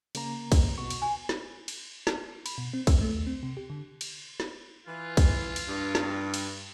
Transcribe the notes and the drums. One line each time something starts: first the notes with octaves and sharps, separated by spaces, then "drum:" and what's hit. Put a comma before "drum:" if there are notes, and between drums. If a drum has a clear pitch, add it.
C#3 A#3 A#5, drum: cymbal
drum: kick, cymbal
B2 F#4 C#6
drum: cymbal
G#5
drum: snare
drum: cymbal
drum: snare
B5, drum: cymbal
B2
C4
E6, drum: kick, cymbal
A3
D#2
C4
C3
G4
D3
drum: cymbal
drum: snare
E3 F4
drum: kick, cymbal
drum: cymbal
G2
drum: snare
drum: cymbal